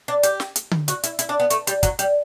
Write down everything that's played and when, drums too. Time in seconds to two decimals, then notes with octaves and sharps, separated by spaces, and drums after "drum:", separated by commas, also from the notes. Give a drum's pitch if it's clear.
0.08 D4
0.23 G4, drum: hi-hat
0.40 drum: snare
0.56 drum: hi-hat
0.71 drum: tom D3
0.88 F#4, drum: hi-hat
1.03 E4, drum: hi-hat
1.19 E4, drum: hi-hat
1.29 D4
1.40 B3
1.50 A3, drum: hi-hat
1.67 G3, drum: hi-hat
1.83 F#3, drum: kick, hi-hat
1.99 G3, drum: hi-hat